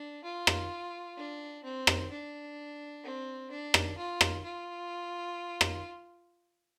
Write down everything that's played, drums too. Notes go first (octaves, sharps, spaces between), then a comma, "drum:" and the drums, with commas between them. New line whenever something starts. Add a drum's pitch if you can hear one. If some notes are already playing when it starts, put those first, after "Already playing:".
Already playing: D4
F4
drum: rim click
D4
C4
drum: rim click
D4
C4
D4
drum: rim click
F4
drum: rim click
F4
drum: rim click